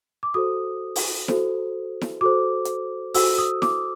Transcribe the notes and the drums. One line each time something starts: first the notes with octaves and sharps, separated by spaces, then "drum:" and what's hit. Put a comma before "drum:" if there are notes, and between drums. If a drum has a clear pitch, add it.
D6
F#4 A4 C5 D#6
drum: open hi-hat
F#4 A4 C5, drum: snare E4
drum: snare E4
F#4 A4 C5 D6
drum: hi-hat
F#4 A4 C5 E6, drum: open hi-hat
D#6
D6, drum: snare E4